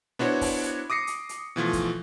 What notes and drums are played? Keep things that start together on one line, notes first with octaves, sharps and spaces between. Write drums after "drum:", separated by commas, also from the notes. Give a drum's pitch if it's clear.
B3 D4 E4 F#4 C5 C#5, drum: snare
drum: kick, open hi-hat
drum: hi-hat
D6 D#6 A#6 C7 C#7
drum: hi-hat
drum: hi-hat
B2 E3 F3 A3
drum: kick, hi-hat